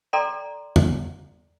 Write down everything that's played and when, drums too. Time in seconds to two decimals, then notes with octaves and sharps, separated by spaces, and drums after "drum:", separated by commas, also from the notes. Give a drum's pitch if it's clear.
0.13 A4 D5 G5 A#5 C6
0.76 drum: tom E2